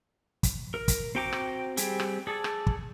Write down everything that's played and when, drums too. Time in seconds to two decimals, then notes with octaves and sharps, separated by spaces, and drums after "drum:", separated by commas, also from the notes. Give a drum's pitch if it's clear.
0.43 drum: kick, hi-hat
0.74 A#4
0.88 drum: kick, hi-hat
1.15 C4 F#4 G5 A#5 D6
1.33 drum: rim click
1.77 G3 C4 G4 G#4, drum: hi-hat
2.00 drum: rim click
2.27 G#4 A4 D5
2.44 drum: rim click
2.67 drum: kick